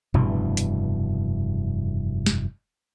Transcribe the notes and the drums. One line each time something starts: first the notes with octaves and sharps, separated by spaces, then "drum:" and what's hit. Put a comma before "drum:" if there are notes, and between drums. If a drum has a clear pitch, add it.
F1 G2 B2 E3, drum: tom A#2
drum: hi-hat
drum: snare